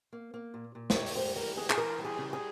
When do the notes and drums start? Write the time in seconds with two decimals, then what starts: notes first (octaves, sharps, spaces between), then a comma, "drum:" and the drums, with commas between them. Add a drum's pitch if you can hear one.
0.13 A#3
0.34 A#3
0.54 A#2
0.75 A#2
0.90 C5, drum: snare
0.95 G3 C#5
1.06 drum: open hi-hat
1.15 G3 C5
1.36 E3 A#4
1.57 E3 G#4
1.70 G#4, drum: clap
1.77 E3 A#4
1.98 G3
2.05 G#4
2.18 C#3
2.33 G#4